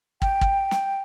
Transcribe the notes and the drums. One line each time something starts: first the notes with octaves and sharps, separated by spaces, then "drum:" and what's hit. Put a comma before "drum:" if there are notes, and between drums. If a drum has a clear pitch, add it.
G5, drum: kick
drum: kick
drum: snare